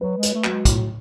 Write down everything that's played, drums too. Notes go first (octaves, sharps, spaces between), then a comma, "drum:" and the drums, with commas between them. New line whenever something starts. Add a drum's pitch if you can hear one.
F#3 B4
G#3
B4, drum: hi-hat
A3
F#3, drum: clap
G#3
A2, drum: kick, hi-hat